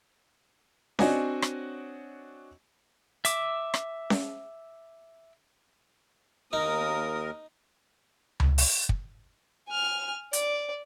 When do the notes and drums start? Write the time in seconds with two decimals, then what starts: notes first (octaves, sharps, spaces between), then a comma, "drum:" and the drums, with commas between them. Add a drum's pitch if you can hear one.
0.99 C4 D4 F#4 C#5 D#5 G#5, drum: snare C#4
1.42 drum: rim click
3.25 E5 D6, drum: hi-hat
3.74 drum: rim click
4.10 drum: snare C#4
6.53 D#2 D#4 A#4 D#6
8.40 drum: tom C#2
8.58 drum: open hi-hat
8.89 drum: kick
9.68 G#5 F6
10.33 D5, drum: hi-hat